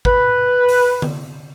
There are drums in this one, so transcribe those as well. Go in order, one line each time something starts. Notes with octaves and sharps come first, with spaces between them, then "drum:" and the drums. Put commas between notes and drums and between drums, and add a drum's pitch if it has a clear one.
B4, drum: kick
drum: open hi-hat
drum: tom D3